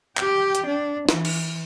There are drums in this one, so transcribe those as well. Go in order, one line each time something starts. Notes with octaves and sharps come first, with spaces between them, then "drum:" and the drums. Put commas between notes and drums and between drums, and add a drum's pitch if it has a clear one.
G4 G5, drum: clap
drum: hi-hat
D4
E3, drum: snare
drum: cymbal